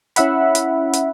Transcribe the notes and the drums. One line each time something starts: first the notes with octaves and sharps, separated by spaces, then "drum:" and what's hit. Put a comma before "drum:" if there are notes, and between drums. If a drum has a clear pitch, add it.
C#4 E4 E5 F#5 B5, drum: hi-hat
drum: hi-hat
drum: hi-hat